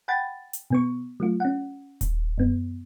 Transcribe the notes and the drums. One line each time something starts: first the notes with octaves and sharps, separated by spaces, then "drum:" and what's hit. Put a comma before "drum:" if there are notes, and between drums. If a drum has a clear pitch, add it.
F#5 G5 B5 A6
drum: hi-hat
B2 B3 C#6
F#3 A3 F4
C#4 F#5
drum: kick D#1, hi-hat
F#2 B3